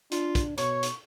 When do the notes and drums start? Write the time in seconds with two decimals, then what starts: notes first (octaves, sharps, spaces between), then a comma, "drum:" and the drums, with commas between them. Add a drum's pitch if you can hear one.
0.11 D4 F4, drum: hi-hat
0.35 drum: kick, hi-hat
0.58 B2 C#5 C#6, drum: hi-hat
0.83 drum: hi-hat